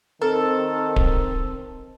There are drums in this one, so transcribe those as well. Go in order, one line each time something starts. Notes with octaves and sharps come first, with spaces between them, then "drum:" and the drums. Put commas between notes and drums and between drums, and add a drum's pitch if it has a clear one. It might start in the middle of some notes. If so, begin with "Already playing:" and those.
D#3 C4 A4 A#4
drum: kick D1